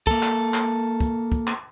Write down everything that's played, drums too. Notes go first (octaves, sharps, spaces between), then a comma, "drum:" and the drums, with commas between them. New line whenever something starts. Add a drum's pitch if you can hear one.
A#3 A4, drum: kick
drum: clap
drum: clap
drum: kick
drum: kick
drum: clap